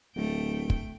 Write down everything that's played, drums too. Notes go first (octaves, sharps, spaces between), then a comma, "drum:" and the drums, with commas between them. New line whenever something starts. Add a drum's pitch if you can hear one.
D1 A3 G5
drum: kick